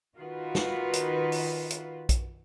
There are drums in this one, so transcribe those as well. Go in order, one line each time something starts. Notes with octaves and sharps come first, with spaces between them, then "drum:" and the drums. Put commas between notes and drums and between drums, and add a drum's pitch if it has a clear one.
D#3 F4 F#4 B4
drum: snare
drum: hi-hat
drum: open hi-hat
drum: hi-hat
drum: kick A#1, hi-hat